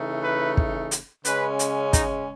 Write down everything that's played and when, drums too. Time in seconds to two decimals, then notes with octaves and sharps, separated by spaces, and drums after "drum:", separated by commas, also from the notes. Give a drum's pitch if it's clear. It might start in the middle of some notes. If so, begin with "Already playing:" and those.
Already playing: C#3 E3 A3 D#4
0.23 B4
0.57 drum: kick
0.91 drum: hi-hat
1.25 C#3 G#3 C#4 B4, drum: hi-hat
1.59 drum: hi-hat
1.93 D#4, drum: kick, hi-hat